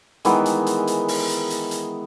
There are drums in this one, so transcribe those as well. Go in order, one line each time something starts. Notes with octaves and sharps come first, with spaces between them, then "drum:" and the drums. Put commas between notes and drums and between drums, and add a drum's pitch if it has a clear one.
D#3 E3 G#3 B3, drum: hi-hat
drum: hi-hat
drum: hi-hat
drum: hi-hat
drum: open hi-hat
drum: hi-hat
drum: hi-hat
drum: hi-hat